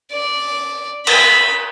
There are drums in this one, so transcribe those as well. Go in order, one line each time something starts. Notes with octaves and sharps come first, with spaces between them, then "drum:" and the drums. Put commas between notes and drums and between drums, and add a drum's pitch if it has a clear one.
D5
B5, drum: cymbal